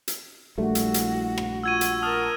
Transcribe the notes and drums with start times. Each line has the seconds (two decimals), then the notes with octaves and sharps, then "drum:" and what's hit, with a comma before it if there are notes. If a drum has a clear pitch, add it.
0.08 drum: hi-hat
0.58 A#1 G3 A3 F#4
0.75 E4, drum: hi-hat
0.94 drum: hi-hat
1.38 drum: rim click
1.63 F4 F#5 C#6 E6 G#6 D#7
1.81 drum: hi-hat
2.03 A#4 A5 D#6 F6